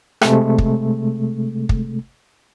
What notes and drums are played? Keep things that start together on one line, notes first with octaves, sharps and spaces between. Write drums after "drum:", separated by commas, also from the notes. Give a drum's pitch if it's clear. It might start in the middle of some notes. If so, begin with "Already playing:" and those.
C3 G#3 A3, drum: rim click
drum: kick
drum: kick